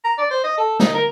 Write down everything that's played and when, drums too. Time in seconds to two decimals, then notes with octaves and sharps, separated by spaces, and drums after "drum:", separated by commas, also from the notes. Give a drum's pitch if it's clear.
0.04 A#5
0.18 D5
0.30 C5
0.43 D#5
0.57 A4
0.79 D#4, drum: snare
0.94 A#4